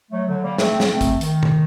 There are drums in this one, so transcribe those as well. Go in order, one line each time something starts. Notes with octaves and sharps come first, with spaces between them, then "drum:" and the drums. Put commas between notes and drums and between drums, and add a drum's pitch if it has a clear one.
F#3 A3
D3 F#3
G3 A#3
A3 C4, drum: snare
drum: snare
A3 C4
drum: kick, hi-hat
D#3, drum: hi-hat
drum: tom B2